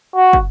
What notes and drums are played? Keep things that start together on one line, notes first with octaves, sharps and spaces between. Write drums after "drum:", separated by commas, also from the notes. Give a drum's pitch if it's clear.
F#4
drum: kick